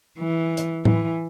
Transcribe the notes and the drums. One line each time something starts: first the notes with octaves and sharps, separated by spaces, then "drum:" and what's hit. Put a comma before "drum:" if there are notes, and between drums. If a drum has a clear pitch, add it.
E3
drum: hi-hat
E3, drum: tom A2